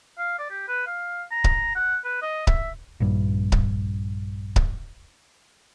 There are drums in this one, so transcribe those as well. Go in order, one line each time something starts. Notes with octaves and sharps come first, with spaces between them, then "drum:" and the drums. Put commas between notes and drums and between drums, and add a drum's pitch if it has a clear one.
F5
D5
G4
B4
F5
A#5
drum: kick C#1
F#5
B4
D#5
E5, drum: kick C#1
A#1 G2
drum: kick C#1
drum: kick C#1